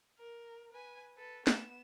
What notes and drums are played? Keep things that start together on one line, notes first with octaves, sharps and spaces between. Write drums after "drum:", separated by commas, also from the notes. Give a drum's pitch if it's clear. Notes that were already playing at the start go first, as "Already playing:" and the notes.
A#4
B4 G#5
A4 B4
B3 E7, drum: snare